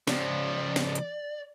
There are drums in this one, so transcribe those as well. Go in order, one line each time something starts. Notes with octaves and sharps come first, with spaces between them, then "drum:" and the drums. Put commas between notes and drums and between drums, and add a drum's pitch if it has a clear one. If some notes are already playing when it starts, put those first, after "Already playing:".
C#2 F3 D5, drum: snare
drum: snare
drum: hi-hat